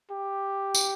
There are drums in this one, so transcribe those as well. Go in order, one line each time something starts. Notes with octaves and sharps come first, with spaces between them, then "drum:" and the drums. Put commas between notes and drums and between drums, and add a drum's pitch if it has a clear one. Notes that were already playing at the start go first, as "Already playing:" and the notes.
G4
drum: tambourine